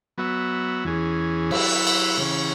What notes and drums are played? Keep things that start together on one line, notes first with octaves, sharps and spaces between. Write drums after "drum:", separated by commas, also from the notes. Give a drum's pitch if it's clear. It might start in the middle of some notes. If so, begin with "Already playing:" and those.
F#3 B3 F#4 E5
E2 E3 C#4 G#4
F#3 E4 B4 E5, drum: cymbal
drum: cymbal
C#3 E3 C#4